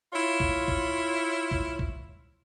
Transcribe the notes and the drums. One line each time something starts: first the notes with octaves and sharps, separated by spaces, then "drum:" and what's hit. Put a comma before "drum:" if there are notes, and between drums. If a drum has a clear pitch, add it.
E4 F4 C#5
drum: kick
drum: kick
drum: kick
drum: kick